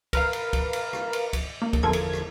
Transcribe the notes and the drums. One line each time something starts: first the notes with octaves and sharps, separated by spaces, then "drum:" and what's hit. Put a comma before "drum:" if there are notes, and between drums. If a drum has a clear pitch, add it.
A#4 B4 F5, drum: kick, cymbal
drum: cymbal
drum: kick, cymbal
drum: cymbal
drum: rim click
drum: cymbal
drum: kick, cymbal
A#3
drum: kick, cymbal
G1 E2 F3 A4 A#4 G#6
drum: cymbal
drum: rim click